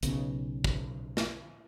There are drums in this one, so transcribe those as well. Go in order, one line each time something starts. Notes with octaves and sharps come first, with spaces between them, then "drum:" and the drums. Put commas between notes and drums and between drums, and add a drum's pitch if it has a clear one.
B1 C#3, drum: hi-hat
drum: kick
drum: snare